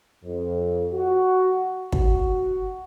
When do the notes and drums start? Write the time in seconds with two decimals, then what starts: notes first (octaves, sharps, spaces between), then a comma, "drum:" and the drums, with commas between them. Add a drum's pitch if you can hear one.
0.25 F2
0.93 F#4
1.92 F#4, drum: kick